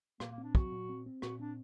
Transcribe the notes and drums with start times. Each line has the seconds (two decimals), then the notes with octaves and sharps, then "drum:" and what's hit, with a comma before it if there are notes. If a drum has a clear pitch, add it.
0.20 A#2 A#3, drum: rim click
0.32 A#3
0.38 C4
0.43 D4
0.55 F#3 F#4, drum: kick
0.72 A#2
0.89 C4
1.06 C4
1.22 A#2 F#4, drum: rim click
1.40 C4 D4